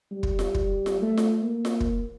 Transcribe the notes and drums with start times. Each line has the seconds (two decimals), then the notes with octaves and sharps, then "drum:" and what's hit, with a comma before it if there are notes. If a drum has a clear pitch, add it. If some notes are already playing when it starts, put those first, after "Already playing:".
0.11 G3
0.23 drum: kick
0.39 drum: snare F4
0.55 drum: kick
0.86 drum: snare F4
1.02 A3
1.17 drum: snare F4
1.42 A#3
1.65 drum: snare F4
1.80 drum: kick